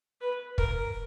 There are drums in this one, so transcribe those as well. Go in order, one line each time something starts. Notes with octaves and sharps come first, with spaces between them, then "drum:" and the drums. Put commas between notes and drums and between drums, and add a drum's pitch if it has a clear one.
B4
A#4, drum: kick